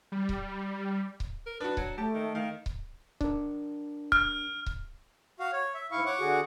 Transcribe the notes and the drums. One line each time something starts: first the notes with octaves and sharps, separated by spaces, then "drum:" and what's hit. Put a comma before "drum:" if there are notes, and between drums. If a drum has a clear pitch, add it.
G3
drum: kick C#1
drum: kick C#1
A#4
D4 F#4 B4
F#3, drum: kick C#1
A3 G4 A5
D#3
D#3 F5
drum: kick C#1
D4 A#4, drum: kick C#1
F6, drum: kick C#1
drum: kick C#1
F#4 F5
C#5
E5
G#2 E4 F5 C#6
C#5 F#5 C#6 D6
D3 F#4 G#4